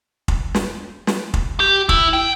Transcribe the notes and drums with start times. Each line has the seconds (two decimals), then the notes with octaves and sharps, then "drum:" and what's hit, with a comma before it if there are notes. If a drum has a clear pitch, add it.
0.28 drum: kick
0.55 drum: snare
1.07 drum: snare
1.34 drum: kick
1.60 G4
1.89 E4, drum: kick
2.13 G5